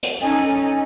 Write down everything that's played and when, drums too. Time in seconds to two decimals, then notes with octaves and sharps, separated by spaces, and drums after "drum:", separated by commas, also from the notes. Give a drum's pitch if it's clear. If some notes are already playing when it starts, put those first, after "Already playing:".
0.03 drum: hi-hat
0.22 C#4 D#4 A4 G#5